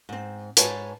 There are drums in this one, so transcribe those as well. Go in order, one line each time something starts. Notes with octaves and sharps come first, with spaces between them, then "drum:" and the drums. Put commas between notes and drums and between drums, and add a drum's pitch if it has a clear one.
G#2 C4
G#2 B4 C#5 G#5 A5, drum: hi-hat